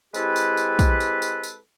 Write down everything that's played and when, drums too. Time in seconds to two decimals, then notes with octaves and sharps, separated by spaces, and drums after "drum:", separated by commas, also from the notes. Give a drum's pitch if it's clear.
0.14 G#3 C4 E4 G4 A4 B4, drum: tambourine
0.36 drum: tambourine
0.57 drum: tambourine
0.79 drum: kick, tambourine
1.00 drum: tambourine
1.22 drum: tambourine
1.43 drum: tambourine